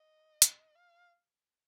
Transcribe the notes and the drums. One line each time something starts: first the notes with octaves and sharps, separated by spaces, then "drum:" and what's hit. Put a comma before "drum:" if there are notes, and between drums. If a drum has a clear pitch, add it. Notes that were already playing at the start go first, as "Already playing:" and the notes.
Already playing: D#5
drum: hi-hat
F5